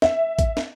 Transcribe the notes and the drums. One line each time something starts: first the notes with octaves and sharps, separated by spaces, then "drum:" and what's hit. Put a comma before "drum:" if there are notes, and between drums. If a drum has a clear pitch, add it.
E5, drum: snare
drum: kick A1, hi-hat
drum: snare